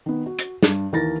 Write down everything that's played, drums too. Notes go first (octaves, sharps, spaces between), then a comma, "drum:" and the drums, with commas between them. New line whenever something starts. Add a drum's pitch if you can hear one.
D#3 B3
F#4
drum: hi-hat
G2, drum: snare
D#2 E3 A#4 A6 A#6